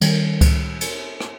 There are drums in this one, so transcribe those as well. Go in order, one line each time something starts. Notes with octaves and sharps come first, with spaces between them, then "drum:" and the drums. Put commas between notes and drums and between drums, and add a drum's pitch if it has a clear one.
D#3 G3, drum: cymbal
drum: kick C#2, cymbal
drum: cymbal
drum: rim click